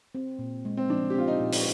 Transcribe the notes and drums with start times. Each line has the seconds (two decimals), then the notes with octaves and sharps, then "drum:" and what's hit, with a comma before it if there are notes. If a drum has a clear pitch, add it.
0.15 C4
0.39 A#2
0.65 G#3
0.77 C4
0.89 F3 D4
1.10 G4
1.15 C4 F4
1.28 D#4
1.40 A#2
1.52 drum: open hi-hat